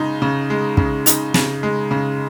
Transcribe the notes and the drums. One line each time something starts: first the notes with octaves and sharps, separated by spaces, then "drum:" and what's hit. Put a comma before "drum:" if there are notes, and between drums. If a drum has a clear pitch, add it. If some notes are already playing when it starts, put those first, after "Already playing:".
Already playing: C#3 G#3 D#4
C#3
G#3
C#3, drum: kick
D#4, drum: hi-hat
C#3, drum: snare
G#3
C#3